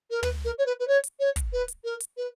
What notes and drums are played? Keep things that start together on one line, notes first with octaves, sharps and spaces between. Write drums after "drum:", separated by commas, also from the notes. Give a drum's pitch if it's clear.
A#4
B4, drum: tom
A#4
C#5
B4
B4
C#5
drum: hi-hat
C#5
drum: kick, hi-hat
B4
drum: hi-hat
A#4
drum: hi-hat
B4